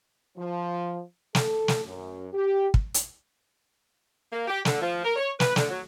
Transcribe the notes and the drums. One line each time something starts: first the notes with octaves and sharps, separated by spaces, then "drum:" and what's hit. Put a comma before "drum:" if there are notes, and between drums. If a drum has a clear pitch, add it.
F3
A4, drum: snare
drum: snare
F#2
G4
drum: kick
drum: hi-hat
A#3
G4
D3, drum: snare
F3
A#4
C#5
B4, drum: snare
D3, drum: snare
F#3